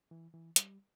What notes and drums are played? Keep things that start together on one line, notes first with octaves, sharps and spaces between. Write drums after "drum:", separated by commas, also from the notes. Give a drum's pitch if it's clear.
E3
E3
G3, drum: hi-hat